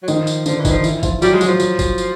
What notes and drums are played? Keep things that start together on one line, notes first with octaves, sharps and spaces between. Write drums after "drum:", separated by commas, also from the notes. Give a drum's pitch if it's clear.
F#3
D#3 F3 D#4, drum: tambourine
drum: tambourine
D3 F3 D4, drum: tambourine
E3
D#3 D#4, drum: kick F#1, tambourine
F3
E3 E4, drum: tambourine
F3 F4, drum: kick F#1, tambourine
F#3 G3 F#4, drum: tambourine
G#3
F#3 F#4, drum: tambourine
F3
F#3 F#4, drum: tambourine
drum: kick F#1, tambourine
drum: tambourine